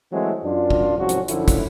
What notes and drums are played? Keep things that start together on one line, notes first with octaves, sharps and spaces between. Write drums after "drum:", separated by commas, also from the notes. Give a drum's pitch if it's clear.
E3 F#3 G#3 A3 C4
F#2 D4 F4
drum: kick
C2 G#2 F3 F#3 C#4 F#4
drum: hi-hat
F#2 D3 F3 C#4 E4, drum: hi-hat
drum: kick, hi-hat